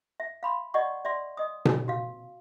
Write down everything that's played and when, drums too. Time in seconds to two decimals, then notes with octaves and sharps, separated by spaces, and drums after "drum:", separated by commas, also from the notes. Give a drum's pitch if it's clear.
0.20 E5
0.43 F5 B5 C6
0.74 D5 D#5 F#5 C#6
1.05 D5 E5 C6
1.37 D#5 D#6
1.65 drum: tom B2
1.88 F#4 F5